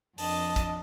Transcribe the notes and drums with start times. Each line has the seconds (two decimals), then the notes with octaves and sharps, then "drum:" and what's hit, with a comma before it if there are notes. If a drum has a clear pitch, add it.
0.18 F2 D4 D#5 A5 D#6, drum: open hi-hat
0.56 drum: kick, hi-hat